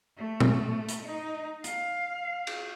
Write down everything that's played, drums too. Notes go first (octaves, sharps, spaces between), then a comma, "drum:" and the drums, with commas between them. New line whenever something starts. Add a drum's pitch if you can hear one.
A3
drum: tom A#2
drum: hi-hat
D#4
F5, drum: hi-hat
drum: cymbal